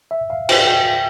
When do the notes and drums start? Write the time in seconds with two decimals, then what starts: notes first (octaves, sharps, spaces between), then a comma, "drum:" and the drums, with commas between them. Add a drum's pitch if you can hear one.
0.11 E5
0.30 F5
0.49 G5, drum: cymbal
0.67 G5